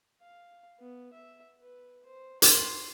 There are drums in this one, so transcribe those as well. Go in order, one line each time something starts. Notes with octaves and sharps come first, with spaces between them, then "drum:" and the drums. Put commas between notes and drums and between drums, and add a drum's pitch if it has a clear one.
F5
B3
E5
B4
C5
C6, drum: hi-hat